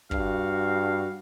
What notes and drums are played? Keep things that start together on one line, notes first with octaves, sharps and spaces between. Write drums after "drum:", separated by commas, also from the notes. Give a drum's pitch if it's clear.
G2 F#4 F5, drum: kick